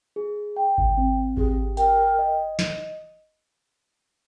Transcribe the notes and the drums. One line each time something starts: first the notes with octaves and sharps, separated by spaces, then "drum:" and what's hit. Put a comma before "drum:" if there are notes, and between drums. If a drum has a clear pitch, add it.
G#4
G5
drum: kick G#1
C4
G4 G#4, drum: kick G#1
A#4 G5, drum: hi-hat
D#5
drum: snare